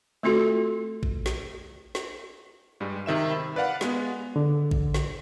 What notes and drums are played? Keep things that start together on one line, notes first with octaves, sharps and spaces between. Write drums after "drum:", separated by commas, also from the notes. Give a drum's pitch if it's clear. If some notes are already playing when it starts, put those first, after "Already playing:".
A3 C4 F4 F#4 A4
drum: kick A1
drum: snare
drum: snare
G2 G3 G#3
C3 D#3 E5 E7
B5
B4 D5 F5 F#5
G#3 B3, drum: snare
D3
drum: kick A1
drum: snare